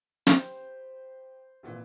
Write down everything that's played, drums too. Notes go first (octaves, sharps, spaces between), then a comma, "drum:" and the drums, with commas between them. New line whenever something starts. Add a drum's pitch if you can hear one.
G4 C5, drum: snare
G#1 A#2 E3